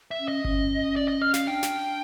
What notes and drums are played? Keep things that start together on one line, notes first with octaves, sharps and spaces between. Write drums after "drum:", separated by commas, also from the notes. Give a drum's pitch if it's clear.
E5
C#4
D#5
C#4, drum: kick G1
D5
D#5
F5
F5, drum: snare
D4 G5
drum: snare